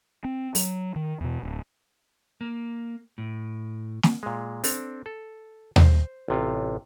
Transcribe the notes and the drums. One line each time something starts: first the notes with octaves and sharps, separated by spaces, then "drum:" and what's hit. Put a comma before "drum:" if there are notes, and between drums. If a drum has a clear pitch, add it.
C4
F#3, drum: open hi-hat
D#3
E2 B2
D1
A#3
A2
drum: snare
A#2 G#3
C4 D4 A4, drum: open hi-hat
A4
C5, drum: tom D#2
A1 C3 F4